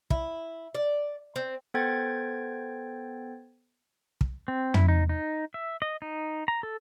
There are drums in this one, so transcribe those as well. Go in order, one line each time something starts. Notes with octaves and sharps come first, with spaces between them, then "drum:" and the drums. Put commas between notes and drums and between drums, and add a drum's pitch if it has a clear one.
E4, drum: kick
D5
C4
B3 A4 C5 G5 G#6 A6
drum: kick
C4
E4, drum: tom
D#4
D#4
E5
D#5
D#4
A#5
A4